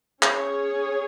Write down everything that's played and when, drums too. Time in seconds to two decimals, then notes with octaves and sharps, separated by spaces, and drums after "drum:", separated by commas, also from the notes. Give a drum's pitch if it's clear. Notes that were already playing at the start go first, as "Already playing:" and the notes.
0.22 C#4 G#4 C#5, drum: clap